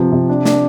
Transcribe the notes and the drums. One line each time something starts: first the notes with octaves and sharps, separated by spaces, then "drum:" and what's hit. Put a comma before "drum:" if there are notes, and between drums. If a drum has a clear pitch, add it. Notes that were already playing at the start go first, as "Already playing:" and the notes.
Already playing: C3 F3
C3
D4
D4, drum: snare